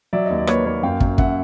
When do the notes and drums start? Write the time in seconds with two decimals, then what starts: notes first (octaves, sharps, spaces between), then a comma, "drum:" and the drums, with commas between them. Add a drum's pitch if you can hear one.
0.13 F#3 D5 E5
0.26 D#2 D#5
0.38 D5
0.47 A#3 B4 C#5, drum: rim click
0.65 A#3 B4 C#5
0.83 F#2 F5 G5
1.00 F#2, drum: kick
1.18 F#2 E5 F#5, drum: kick